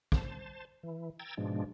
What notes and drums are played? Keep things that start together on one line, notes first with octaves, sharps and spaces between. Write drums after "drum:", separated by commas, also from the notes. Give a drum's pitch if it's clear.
C5 A5, drum: kick
E3
G5 A#5 E6 G#6 A6
G#2 B2 F3 G#3 D4